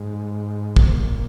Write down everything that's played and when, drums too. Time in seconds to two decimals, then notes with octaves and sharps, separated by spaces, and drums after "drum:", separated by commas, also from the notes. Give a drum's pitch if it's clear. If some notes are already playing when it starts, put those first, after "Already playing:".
Already playing: G#2
0.76 A#2, drum: kick
0.84 C3
0.92 A#2